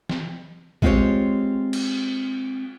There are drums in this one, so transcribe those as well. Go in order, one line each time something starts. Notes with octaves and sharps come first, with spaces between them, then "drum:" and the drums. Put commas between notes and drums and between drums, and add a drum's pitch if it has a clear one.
drum: snare
G#3 C4 F4 G4 C5 C#5, drum: kick A#1
drum: cymbal